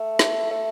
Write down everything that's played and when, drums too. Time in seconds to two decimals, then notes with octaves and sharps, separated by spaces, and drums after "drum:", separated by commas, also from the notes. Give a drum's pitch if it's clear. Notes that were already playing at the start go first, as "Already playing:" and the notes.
Already playing: A3
0.19 drum: snare
0.50 A3